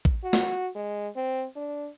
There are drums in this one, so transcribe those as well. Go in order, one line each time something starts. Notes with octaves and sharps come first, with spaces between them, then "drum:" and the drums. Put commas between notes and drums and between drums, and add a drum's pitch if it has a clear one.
drum: kick A1
F#4
drum: snare
G#3
C4
D4